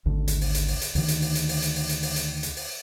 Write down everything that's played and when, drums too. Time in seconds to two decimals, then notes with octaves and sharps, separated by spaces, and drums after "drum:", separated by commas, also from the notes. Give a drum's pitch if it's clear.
0.06 G#1 D2 D3
0.28 drum: hi-hat
0.41 drum: open hi-hat
0.55 drum: hi-hat
0.68 drum: open hi-hat
0.81 drum: hi-hat
0.95 D2 D#3, drum: open hi-hat
1.08 drum: hi-hat
1.22 drum: open hi-hat
1.35 drum: hi-hat
1.49 drum: open hi-hat
1.62 drum: hi-hat
1.76 drum: open hi-hat
1.89 drum: hi-hat
2.03 drum: open hi-hat
2.16 drum: hi-hat
2.43 drum: hi-hat
2.56 drum: open hi-hat